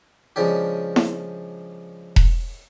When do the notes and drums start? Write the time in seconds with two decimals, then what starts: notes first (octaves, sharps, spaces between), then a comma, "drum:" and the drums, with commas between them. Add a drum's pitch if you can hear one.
0.36 C#3 F3 G#3 D4 G4
0.96 drum: snare E4
2.16 drum: kick E1